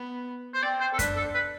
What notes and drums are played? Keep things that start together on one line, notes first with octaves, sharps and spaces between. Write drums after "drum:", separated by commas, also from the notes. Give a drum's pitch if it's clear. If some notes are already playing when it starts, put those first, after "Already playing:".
Already playing: B3
C5
C4 D5
C5
A4
D4 B4, drum: kick F#2, hi-hat
A4
B4